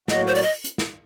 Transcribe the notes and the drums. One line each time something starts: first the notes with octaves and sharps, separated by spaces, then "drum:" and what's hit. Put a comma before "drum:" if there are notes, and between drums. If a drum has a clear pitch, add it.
A2 F#3 A#3 F#4 D#5, drum: snare
C5
D5, drum: open hi-hat
D#5
drum: hi-hat
drum: snare